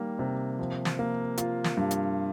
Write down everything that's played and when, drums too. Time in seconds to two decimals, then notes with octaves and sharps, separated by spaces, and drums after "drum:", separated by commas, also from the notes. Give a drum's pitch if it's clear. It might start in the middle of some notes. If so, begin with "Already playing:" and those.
Already playing: D#3 G3 A#3
0.19 C3
0.59 F3
0.85 drum: snare
0.99 A#3
1.37 F4, drum: hi-hat
1.64 drum: snare
1.77 G2
1.91 drum: hi-hat